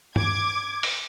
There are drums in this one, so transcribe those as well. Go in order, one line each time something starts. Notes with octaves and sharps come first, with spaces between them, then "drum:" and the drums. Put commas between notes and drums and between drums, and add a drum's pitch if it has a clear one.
D6 G#6, drum: tom G2
drum: open hi-hat